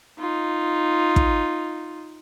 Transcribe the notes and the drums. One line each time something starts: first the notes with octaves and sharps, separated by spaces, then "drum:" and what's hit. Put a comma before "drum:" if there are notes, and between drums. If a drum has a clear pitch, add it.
D#4 F4
drum: kick